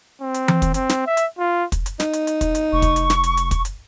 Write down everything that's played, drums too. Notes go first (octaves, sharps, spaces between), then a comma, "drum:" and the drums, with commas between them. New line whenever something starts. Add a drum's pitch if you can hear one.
C4
drum: hi-hat
drum: tom E3
drum: kick, hi-hat
C4, drum: hi-hat
drum: snare
E5
drum: hi-hat
F4
drum: kick, hi-hat
drum: hi-hat
D#4, drum: snare
drum: hi-hat
drum: hi-hat
drum: kick, hi-hat
drum: hi-hat
F1 C#6
drum: kick, hi-hat
drum: hi-hat
drum: snare
drum: hi-hat
drum: hi-hat
drum: kick, hi-hat
drum: hi-hat